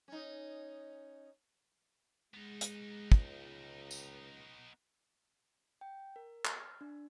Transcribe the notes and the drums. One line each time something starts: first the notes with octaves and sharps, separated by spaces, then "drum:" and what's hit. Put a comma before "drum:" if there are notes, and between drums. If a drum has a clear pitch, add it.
C#4 D#4
G#3 B3 D#4
drum: hi-hat
C#2, drum: kick
drum: tambourine
G5
A#4
F6, drum: clap
D4